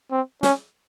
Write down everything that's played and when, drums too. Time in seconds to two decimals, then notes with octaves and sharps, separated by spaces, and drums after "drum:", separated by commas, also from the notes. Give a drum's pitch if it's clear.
0.12 C4
0.43 C#4, drum: snare